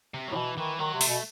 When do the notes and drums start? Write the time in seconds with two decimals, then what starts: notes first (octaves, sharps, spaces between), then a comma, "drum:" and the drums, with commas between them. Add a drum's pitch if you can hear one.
0.14 C3
0.28 F#3
0.32 A2
0.35 B2 E3
0.58 D#3 E3
0.79 D#3 F#3
0.93 C3
1.01 A3, drum: open hi-hat
1.08 B2